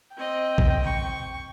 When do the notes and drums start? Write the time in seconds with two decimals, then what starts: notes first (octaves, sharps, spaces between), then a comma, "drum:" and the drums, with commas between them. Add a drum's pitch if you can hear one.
0.17 C4 D#5 G5
0.58 drum: kick A#1
0.83 C#6